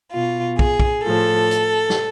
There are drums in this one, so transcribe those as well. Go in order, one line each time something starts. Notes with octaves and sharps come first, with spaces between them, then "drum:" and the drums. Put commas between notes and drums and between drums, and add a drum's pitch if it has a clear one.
B2 F4
G#4, drum: kick
drum: kick
A2 F3 A4
drum: hi-hat
drum: snare